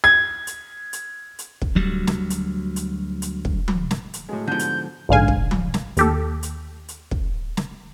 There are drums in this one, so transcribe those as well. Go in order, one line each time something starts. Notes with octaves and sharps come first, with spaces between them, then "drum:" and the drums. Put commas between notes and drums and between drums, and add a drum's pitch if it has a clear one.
G#6
drum: hi-hat
drum: hi-hat
drum: hi-hat
drum: kick
D2 F#3 G3
drum: snare
drum: hi-hat
drum: hi-hat
drum: hi-hat
drum: kick
drum: tom F3
drum: snare
drum: hi-hat
A2 F#3 G#3
G#2 B2 D3 F3 G3 G6
drum: hi-hat
A#1 G#2 D3 F5 G#5
drum: kick
drum: tom F3
drum: snare
D#2 G4 A4, drum: hi-hat
drum: hi-hat
drum: hi-hat
drum: kick
drum: snare